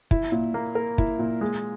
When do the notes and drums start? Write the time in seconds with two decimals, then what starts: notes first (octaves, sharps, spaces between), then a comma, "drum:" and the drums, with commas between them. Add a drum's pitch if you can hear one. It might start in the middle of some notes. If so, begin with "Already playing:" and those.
0.11 E4, drum: kick
0.32 A#2
0.54 A#3
0.75 A#4
0.98 E4, drum: kick
1.19 A#2
1.41 G#3